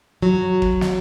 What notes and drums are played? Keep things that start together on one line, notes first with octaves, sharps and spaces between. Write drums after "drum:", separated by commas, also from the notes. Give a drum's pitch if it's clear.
F#3
drum: kick
drum: snare